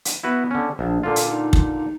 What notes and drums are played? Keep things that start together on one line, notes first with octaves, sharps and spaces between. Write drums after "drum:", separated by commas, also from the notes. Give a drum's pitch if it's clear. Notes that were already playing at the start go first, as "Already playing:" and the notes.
drum: hi-hat
B3 E4 F#4 B4
D3 C#4
A#1 D4
A#2 D3 F4 A4
drum: hi-hat
D#4
drum: kick